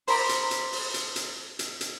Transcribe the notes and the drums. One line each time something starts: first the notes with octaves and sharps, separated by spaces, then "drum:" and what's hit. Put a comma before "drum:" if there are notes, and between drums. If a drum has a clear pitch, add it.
C5 A#5 B5 D6, drum: open hi-hat
drum: hi-hat
drum: hi-hat
drum: open hi-hat
drum: hi-hat
drum: hi-hat
drum: hi-hat
drum: hi-hat